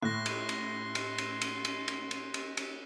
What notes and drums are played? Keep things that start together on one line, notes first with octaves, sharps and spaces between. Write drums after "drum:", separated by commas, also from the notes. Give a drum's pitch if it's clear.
A2 C6 F#6 A#6
drum: cymbal
drum: cymbal
drum: cymbal
drum: cymbal
drum: cymbal
drum: cymbal
drum: cymbal
drum: cymbal
drum: cymbal
drum: cymbal